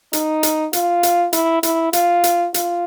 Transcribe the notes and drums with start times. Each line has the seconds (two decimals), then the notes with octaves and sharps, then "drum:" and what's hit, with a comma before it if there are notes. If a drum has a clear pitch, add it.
0.13 D#4, drum: hi-hat
0.43 drum: hi-hat
0.73 F4, drum: hi-hat
1.03 drum: hi-hat
1.33 E4, drum: hi-hat
1.63 E4, drum: hi-hat
1.93 F4, drum: hi-hat
2.24 drum: hi-hat
2.54 F4, drum: hi-hat